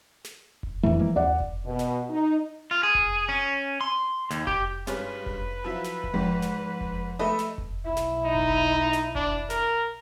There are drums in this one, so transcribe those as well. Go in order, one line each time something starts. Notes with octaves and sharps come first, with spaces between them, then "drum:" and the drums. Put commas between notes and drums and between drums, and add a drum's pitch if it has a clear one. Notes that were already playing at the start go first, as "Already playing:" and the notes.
drum: snare
drum: kick F1
F2 A#2 E3 A3
F3 G#3 A#3
D#2 D5 F#5
drum: kick F1
B2
drum: snare
D#4
F4
G#4
drum: kick F1
C#4
C6
D#2, drum: snare
G4, drum: kick F1
G2 G3 G#3 C#4 F4 B4, drum: snare
drum: kick F1
F3 F#3 E4
drum: snare
drum: kick F1
G#2 F3 G#3
drum: snare
drum: kick F1
A3 G4 A4 B4 D#5 E5
drum: snare
drum: kick F1
B1 E4
drum: snare
D#4
drum: kick F1
drum: snare
D4, drum: kick F1
A#4, drum: snare